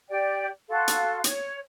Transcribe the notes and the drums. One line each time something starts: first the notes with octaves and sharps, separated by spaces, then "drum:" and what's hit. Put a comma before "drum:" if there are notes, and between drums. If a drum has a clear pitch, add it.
G4 D5 G5
F#4 A4 F5 C6
drum: hi-hat
C#5, drum: hi-hat